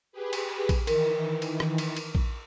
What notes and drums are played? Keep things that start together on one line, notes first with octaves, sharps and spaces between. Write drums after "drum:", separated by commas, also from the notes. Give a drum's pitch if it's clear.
G4 G#4 B4
drum: cymbal
drum: kick A#1, cymbal
D#3 E3 A#4, drum: cymbal
drum: cymbal
drum: rim click
drum: cymbal
drum: cymbal
drum: kick A#1